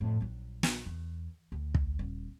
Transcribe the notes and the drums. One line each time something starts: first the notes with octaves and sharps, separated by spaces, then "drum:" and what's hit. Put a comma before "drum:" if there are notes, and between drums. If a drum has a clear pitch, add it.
F2 A2
A#1 F#3
drum: snare
E2
D2
drum: kick
D#1